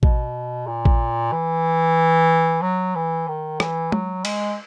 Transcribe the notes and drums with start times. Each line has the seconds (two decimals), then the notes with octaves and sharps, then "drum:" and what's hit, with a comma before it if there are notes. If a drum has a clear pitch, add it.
0.03 B2, drum: kick A1
0.67 A#2
0.85 drum: kick A1
1.32 E3
2.62 F#3
2.95 E3
3.28 D#3
3.60 E3, drum: rim click
3.92 F#3, drum: tom
4.25 G#3, drum: cymbal